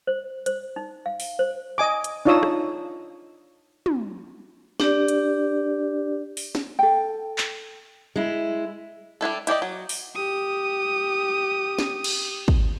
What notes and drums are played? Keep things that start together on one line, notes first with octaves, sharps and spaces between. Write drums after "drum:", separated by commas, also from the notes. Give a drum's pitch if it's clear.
C5
C5, drum: hi-hat
D#4
F5
drum: open hi-hat
C5
D#5 G#5 D6
drum: hi-hat
D4 D#4 F4 C#5 D#6 E6
drum: rim click
drum: tom
D4 G4 D5, drum: snare
drum: hi-hat
drum: open hi-hat
drum: snare
A4 G5
drum: clap
G#3 E4
G3 D4 E4 A4
E4 G4 D5 D#5, drum: hi-hat
F#3
drum: open hi-hat
G4 D#6
drum: snare
drum: cymbal
drum: kick